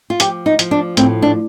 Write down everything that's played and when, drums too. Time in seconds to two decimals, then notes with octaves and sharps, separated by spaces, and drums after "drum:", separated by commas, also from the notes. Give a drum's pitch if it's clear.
0.10 F4
0.20 F3 G4, drum: hi-hat
0.46 D#4
0.59 F3, drum: hi-hat
0.71 D4
0.97 A2 C4, drum: hi-hat
1.22 D4